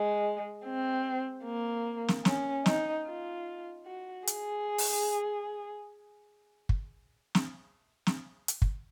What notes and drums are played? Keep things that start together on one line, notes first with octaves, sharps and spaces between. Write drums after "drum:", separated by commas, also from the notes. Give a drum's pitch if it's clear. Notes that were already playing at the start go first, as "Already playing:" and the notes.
Already playing: G#3
C4
A#3
drum: snare
C#4, drum: snare
D#4, drum: snare
F4
F#4
G#4, drum: hi-hat
drum: open hi-hat
drum: kick
drum: snare
drum: snare
drum: hi-hat
drum: kick